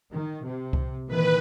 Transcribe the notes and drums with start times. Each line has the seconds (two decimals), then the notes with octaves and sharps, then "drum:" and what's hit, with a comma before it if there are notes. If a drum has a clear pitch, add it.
0.13 D#3
0.45 C3
0.73 drum: kick C2
1.08 A#2 D#3 E3 B4